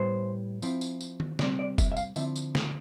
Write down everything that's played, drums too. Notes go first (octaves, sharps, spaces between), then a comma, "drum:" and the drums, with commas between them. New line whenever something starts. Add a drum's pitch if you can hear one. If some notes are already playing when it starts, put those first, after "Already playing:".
Already playing: A2 G3 B3 E4 C5
F3 C4 E4, drum: tambourine
drum: tambourine
drum: tambourine
drum: tom D#3
C3 G3 C4 D5, drum: snare
D5
E5, drum: kick F1, tambourine
E5
F5, drum: tambourine
D3 F3 C4 E4 E5, drum: tambourine
drum: tambourine
drum: snare